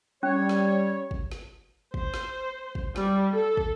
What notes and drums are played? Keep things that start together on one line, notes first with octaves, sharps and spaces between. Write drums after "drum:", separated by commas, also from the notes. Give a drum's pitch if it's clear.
G3 C#4 C#5
drum: snare
drum: kick
drum: snare
C5, drum: kick
drum: snare
drum: kick
G3, drum: snare
A4
drum: kick